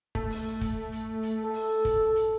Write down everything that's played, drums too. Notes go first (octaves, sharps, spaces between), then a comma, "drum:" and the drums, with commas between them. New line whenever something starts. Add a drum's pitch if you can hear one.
A3, drum: kick
drum: open hi-hat
drum: kick, hi-hat
drum: hi-hat
drum: hi-hat
A4
drum: open hi-hat
drum: kick, hi-hat
drum: hi-hat